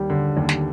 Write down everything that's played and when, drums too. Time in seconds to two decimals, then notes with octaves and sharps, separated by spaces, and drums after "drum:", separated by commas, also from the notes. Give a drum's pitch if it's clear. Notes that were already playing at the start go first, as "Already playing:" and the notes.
Already playing: D#2 G3
0.10 D3
0.37 D#2
0.49 drum: snare